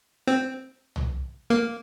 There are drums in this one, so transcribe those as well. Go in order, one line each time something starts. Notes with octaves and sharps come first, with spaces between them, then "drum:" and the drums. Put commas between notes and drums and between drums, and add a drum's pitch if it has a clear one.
C4
drum: tom C2
A#3